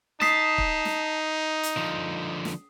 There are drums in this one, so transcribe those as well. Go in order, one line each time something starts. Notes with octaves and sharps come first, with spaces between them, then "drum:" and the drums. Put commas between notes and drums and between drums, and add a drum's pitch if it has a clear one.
D#4 A5 D#6 B6 C7, drum: snare
drum: kick
drum: snare
drum: hi-hat
D3 F3
drum: snare